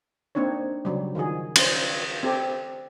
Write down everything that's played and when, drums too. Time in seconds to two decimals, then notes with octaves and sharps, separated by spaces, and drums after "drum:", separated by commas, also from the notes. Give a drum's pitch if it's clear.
0.35 A#3 C4 D4 D#4 C#5
0.85 C#3 F#3 G3
1.15 D#3 F3 F#4 G#4
1.56 C#4 C5, drum: cymbal
2.23 C4 G4 A4